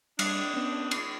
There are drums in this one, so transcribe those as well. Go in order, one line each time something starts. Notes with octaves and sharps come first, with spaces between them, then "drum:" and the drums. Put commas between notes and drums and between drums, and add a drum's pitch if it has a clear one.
G3 D4 D#6, drum: cymbal
B3 C#4
drum: cymbal